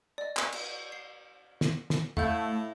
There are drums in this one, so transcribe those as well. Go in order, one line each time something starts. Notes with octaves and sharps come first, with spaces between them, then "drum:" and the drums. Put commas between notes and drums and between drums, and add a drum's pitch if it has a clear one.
D5 D#5
drum: clap
drum: cymbal
C7
drum: snare
drum: snare
A2 A3 E4 F5 F#5 G6, drum: tom